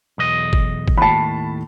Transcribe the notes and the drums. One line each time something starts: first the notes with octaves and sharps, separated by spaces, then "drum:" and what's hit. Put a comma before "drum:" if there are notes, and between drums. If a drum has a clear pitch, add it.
B1 E2 D#5
drum: kick G1
drum: kick G1
D#2 A2 A5 B5